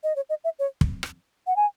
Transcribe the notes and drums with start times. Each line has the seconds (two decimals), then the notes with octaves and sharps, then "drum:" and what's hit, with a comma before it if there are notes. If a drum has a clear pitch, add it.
0.03 D#5
0.16 C#5
0.29 D#5
0.44 E5
0.59 C#5
0.81 drum: kick
1.03 drum: rim click
1.47 F#5
1.56 G#5